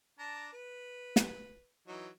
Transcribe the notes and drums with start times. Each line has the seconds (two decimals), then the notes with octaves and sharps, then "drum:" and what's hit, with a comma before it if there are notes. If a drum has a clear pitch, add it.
0.19 D4 A5 A#5
0.53 B4
1.16 drum: snare
1.87 E3 F#3 D#4